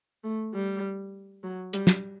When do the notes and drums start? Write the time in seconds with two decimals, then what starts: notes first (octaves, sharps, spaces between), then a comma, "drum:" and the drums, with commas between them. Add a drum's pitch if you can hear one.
0.24 A3
0.54 G3
1.44 F#3
1.73 G3, drum: hi-hat
1.87 drum: snare